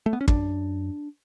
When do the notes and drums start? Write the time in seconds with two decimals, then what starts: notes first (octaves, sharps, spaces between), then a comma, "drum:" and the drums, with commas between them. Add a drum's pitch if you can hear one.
0.06 A3
0.13 B3
0.21 C#4
0.28 F#2 D4, drum: kick